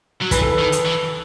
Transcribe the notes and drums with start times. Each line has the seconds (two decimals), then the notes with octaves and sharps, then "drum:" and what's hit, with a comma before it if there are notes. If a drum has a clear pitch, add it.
0.22 F#3
0.31 E3 B4, drum: kick, hi-hat
0.42 A4
0.51 B4
0.59 D#3
0.72 drum: hi-hat
0.85 E3